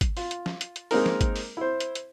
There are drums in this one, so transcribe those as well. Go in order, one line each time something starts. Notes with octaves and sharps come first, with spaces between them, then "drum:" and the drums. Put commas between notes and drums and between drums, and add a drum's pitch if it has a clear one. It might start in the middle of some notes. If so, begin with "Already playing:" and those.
drum: kick G#1, hi-hat
F4, drum: open hi-hat
drum: hi-hat
drum: snare
drum: hi-hat
drum: hi-hat
G#3 A#3 C4 D#4 A#4, drum: open hi-hat
drum: snare
drum: kick G#1, hi-hat
drum: open hi-hat
E4 C5
drum: hi-hat
drum: hi-hat